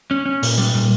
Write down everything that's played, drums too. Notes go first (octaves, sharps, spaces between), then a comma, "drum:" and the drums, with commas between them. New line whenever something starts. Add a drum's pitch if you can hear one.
C#4
C#4
A#2, drum: open hi-hat
G3
A#2